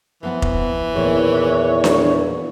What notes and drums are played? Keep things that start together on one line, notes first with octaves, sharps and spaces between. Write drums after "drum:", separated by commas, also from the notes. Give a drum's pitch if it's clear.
E3 F3 B3 F#5
drum: kick F1
E2 A#2 D#3 F3 C#5
drum: snare D4